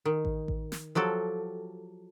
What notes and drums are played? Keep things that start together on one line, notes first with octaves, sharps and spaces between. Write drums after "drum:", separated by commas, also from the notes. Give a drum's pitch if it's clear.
D#3
drum: kick A1
drum: kick A1
drum: snare
F3 F#3 G4 A4